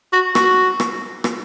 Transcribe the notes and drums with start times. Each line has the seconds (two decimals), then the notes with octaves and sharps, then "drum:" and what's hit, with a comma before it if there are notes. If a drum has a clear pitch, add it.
0.13 F#4
0.35 F#4, drum: rim click
0.80 drum: rim click
1.24 drum: rim click